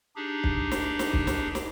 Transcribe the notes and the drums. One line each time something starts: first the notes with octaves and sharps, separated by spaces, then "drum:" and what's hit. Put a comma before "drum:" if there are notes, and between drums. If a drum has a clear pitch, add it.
D4 D#4 G4 G#4
drum: kick
drum: snare
drum: snare
drum: kick
drum: snare
drum: snare